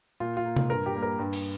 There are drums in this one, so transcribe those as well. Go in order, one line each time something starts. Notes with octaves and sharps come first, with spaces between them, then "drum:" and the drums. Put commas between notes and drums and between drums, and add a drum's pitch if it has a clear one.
A#2 F4
F4
A#3
drum: tom C3
G2 A#4
G4
G3 A#3
A#4
G2
drum: cymbal